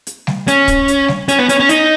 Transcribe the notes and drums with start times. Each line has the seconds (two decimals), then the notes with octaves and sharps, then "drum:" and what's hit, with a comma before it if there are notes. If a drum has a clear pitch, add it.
0.07 drum: hi-hat
0.27 drum: snare G3
0.48 C#4, drum: hi-hat
0.68 drum: kick, hi-hat
0.88 drum: hi-hat
1.08 drum: snare G3
1.28 C#4, drum: hi-hat
1.38 B3
1.49 C#4, drum: hi-hat
1.60 C#4
1.69 D#4, drum: hi-hat